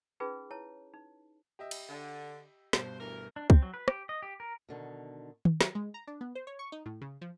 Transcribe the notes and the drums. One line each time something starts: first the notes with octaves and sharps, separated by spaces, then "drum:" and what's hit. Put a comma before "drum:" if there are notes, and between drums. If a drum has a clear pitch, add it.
C#4 D#4 F4 G#4 B4
E4 C#5 A5
D#4
G4 D#5 E5
drum: cymbal
D3
G2 B2 C5, drum: snare
D2 E3 A#4
D4
C4, drum: kick
F#3
B4
G4, drum: rim click
D#5
G4
A#4
B2 D3 D#3
drum: tom D#3
F#3, drum: snare
G#3
A#5
D4
B3
C5
C#5
C#6
D#4
A2
C#3
F3